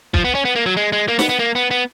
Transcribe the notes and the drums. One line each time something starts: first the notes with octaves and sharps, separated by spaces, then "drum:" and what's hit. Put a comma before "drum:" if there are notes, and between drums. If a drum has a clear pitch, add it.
F3, drum: kick
B3
C#4
B3
A#3
F#3
G#3
G#3
A#3
B3, drum: snare
B3
A#3
B3
B3